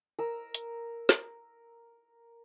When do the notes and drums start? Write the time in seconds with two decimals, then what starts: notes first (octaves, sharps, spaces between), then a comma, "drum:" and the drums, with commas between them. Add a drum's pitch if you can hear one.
0.19 A#4 E6
0.55 drum: hi-hat
1.09 drum: snare